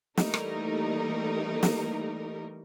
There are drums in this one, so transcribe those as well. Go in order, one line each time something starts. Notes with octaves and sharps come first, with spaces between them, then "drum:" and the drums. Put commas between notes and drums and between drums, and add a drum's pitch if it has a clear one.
E3 G3 A3 A#3 D#4 A#4, drum: snare
drum: rim click
drum: snare